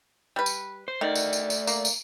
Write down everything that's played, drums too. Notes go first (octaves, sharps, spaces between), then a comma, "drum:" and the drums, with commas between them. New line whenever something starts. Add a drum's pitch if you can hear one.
G3 B4
drum: tambourine
C5
D#3 A3 D5
drum: tambourine
drum: tambourine
drum: tambourine
A#3, drum: tambourine
drum: tambourine